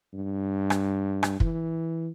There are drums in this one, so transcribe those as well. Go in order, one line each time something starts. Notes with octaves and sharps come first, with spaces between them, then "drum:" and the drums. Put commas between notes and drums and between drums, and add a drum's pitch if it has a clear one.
G2
drum: rim click
drum: rim click
E3, drum: kick